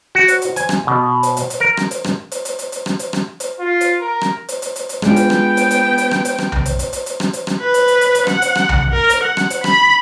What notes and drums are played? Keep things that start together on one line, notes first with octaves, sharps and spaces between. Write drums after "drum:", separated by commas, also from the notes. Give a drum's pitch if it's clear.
F#4
drum: hi-hat
drum: hi-hat
G#5, drum: hi-hat
drum: rim click
B2
drum: hi-hat
drum: hi-hat
drum: hi-hat
A#4
drum: rim click
drum: hi-hat
drum: rim click
drum: hi-hat
drum: hi-hat
drum: hi-hat
drum: hi-hat
drum: rim click
drum: hi-hat
drum: rim click
drum: hi-hat
F4
drum: hi-hat
A#4
drum: rim click
drum: hi-hat
drum: hi-hat
drum: hi-hat
drum: hi-hat
G#3 B3 D4 F4 G5, drum: rim click
drum: hi-hat
drum: rim click
drum: hi-hat
drum: hi-hat
drum: hi-hat
drum: rim click
drum: hi-hat
drum: rim click
drum: tom B1
drum: hi-hat
drum: hi-hat
drum: hi-hat
drum: hi-hat
drum: rim click
drum: hi-hat
drum: rim click
B4
drum: hi-hat
drum: hi-hat
drum: hi-hat
drum: hi-hat
F#5, drum: rim click
drum: hi-hat
drum: rim click
drum: tom B1
A#4
drum: hi-hat
F#5
drum: rim click
drum: hi-hat
B5, drum: rim click